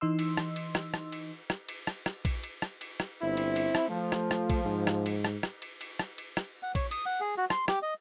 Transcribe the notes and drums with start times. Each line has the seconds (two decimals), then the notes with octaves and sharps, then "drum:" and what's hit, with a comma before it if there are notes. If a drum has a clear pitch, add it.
0.01 E3 D#4 D#5 C6 E6
0.19 drum: cymbal
0.37 drum: rim click
0.56 drum: cymbal
0.75 drum: rim click
0.94 drum: rim click
1.12 drum: cymbal
1.50 drum: rim click
1.69 drum: cymbal
1.87 drum: rim click
2.06 drum: rim click
2.25 drum: kick A#1, cymbal
2.43 drum: cymbal
2.62 drum: rim click
2.81 drum: cymbal
3.00 drum: rim click
3.22 G1 C4 E4
3.37 drum: cymbal
3.56 drum: cymbal
3.75 drum: rim click
3.88 F3 A3
4.12 drum: rim click
4.31 drum: rim click
4.50 drum: kick A#1, cymbal
4.65 G#2
4.87 drum: rim click
5.06 drum: cymbal
5.25 drum: rim click
5.43 drum: rim click
5.62 drum: cymbal
5.81 drum: cymbal
5.99 drum: rim click
6.18 drum: cymbal
6.37 drum: rim click
6.63 F#5
6.75 C#5, drum: kick A#1, cymbal
6.91 D#6, drum: cymbal
7.06 F#5
7.21 G#4
7.38 F#4
7.50 C6, drum: rim click
7.68 G4, drum: rim click
7.83 D#5